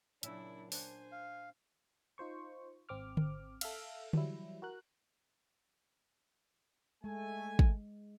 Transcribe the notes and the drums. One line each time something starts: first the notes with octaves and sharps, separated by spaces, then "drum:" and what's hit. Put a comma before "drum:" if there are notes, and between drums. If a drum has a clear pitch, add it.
A#2 C#3 F#3 D4 E4 E5, drum: hi-hat
D4 C5 F#5 G#5, drum: open hi-hat
F5
D#4 F4 C5 C#6
G#1 C4 D6 F6
drum: tom D3
A4 E5 F5, drum: cymbal
E3 F#3 G3 E4, drum: tom D3
F#4 A#4 F#6
G#3 A3 G#5
drum: kick